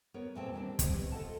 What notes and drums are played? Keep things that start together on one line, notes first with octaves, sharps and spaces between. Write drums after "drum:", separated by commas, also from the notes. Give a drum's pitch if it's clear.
B3 A#4 C#5
E2 A#2 A3 C4 G5 A5
D#3 E3 G3 A#3 C4 D4
C4 G4 C5 D5 D#5, drum: kick, hi-hat
E2
F4 A4 D#5 F5 F#5 A5